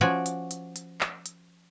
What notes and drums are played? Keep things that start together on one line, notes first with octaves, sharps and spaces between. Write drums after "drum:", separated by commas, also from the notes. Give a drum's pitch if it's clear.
F3 C#4 F#4 C#5 D5
drum: hi-hat
drum: hi-hat
drum: hi-hat
drum: clap
drum: hi-hat